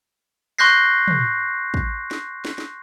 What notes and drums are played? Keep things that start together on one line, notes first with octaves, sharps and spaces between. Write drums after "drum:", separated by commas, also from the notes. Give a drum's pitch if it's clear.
C6 C#6 F#6 G6 A#6 C7
drum: tom
drum: kick
drum: snare
drum: snare
drum: snare